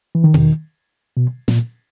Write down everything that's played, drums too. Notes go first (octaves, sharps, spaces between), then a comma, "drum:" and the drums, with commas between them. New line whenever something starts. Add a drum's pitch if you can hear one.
E3
D#3
drum: tom B2
B2
A#2, drum: snare